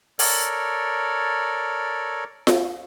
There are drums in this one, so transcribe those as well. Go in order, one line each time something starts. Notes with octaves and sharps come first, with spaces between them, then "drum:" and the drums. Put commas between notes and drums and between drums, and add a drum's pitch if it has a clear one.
A4 A#4 C#5 D5, drum: open hi-hat
drum: snare F4